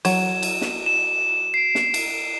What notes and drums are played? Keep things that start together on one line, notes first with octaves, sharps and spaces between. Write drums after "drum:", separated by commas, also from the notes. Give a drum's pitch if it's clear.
F#3 E7, drum: cymbal
drum: cymbal
drum: snare
E7
C7 D7
drum: snare
drum: cymbal